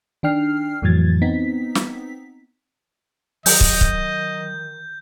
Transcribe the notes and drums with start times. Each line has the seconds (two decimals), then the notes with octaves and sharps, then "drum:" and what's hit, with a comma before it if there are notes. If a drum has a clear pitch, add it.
0.23 D#3 D4 G5 F6 C7
0.82 F2 A2 E3 F#3 G#6 A6
1.22 B3 C4 D#4 B6
1.75 drum: snare
3.46 D#3 F#3 D#5 G6, drum: open hi-hat
3.61 drum: kick
3.81 drum: kick